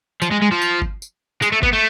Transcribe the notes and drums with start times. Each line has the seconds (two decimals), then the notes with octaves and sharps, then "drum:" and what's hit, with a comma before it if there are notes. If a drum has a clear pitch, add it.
0.22 F3, drum: tambourine
0.31 G#3
0.42 G#3
0.52 F3
0.62 drum: tambourine
0.82 drum: kick G1
1.02 drum: tambourine
1.42 G#3, drum: tambourine
1.52 A3
1.63 B3, drum: kick G1
1.73 A3